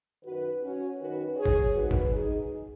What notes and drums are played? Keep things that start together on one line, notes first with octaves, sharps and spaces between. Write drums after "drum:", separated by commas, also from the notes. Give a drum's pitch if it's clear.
F#2 D#3 F#4 B4
C#4 F#4
F#2 D#3 F#4 B4
G#4 C#5
drum: kick
G#2 D#3 F#4 B4
drum: kick
D#4 G#4